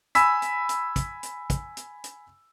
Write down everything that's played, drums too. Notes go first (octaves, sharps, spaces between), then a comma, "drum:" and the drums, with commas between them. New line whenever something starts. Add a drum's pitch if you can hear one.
G#5 B5 E6 B6, drum: hi-hat
drum: hi-hat
drum: hi-hat
drum: kick, hi-hat
drum: hi-hat
drum: kick, hi-hat
drum: hi-hat
drum: hi-hat